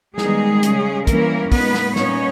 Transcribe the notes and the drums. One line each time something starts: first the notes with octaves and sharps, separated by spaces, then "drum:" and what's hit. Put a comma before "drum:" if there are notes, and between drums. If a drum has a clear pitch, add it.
D#3 G3 G#3 B3 D#4 G#4, drum: snare
C#3 G3 C#4, drum: hi-hat
E3 G3 A#3 C#4 E4 A#4, drum: kick, hi-hat
A#2 G#3 B3 D#4 B4, drum: kick, open hi-hat
drum: snare
A#2 G3 B3 C#4 D#4 C#5, drum: snare